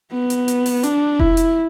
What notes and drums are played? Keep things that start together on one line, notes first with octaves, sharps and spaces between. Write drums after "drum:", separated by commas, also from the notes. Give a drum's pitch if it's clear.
B3
drum: hi-hat
drum: hi-hat
drum: open hi-hat
D4, drum: hi-hat
E4, drum: kick F1
drum: hi-hat